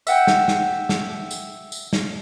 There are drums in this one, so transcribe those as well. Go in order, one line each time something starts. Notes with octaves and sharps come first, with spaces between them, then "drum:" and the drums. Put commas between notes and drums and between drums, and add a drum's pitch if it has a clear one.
E5 F#5 G5, drum: tambourine
drum: snare
drum: snare
drum: snare
drum: tambourine
drum: tambourine
drum: snare